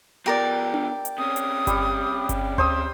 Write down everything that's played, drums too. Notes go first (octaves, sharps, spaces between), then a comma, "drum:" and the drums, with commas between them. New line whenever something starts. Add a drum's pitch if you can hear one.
F3 B3 G4 A#4 D5
drum: tom D4
drum: hi-hat
C3 C#4 D#6
drum: hi-hat
G3, drum: kick G1, hi-hat
drum: kick G1, hi-hat
C5 D#6 E6, drum: tom D2